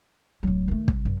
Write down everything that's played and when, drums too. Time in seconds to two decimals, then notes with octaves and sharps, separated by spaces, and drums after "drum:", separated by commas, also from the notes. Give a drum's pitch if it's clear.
0.43 D1 F#3
0.68 D#3 A3
0.88 C2, drum: kick
1.05 F#2